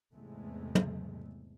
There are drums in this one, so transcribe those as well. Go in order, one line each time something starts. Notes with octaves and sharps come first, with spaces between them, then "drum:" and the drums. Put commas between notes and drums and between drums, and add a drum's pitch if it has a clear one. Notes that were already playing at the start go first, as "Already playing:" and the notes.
E2 G#2 C3 G#3 A3
drum: tom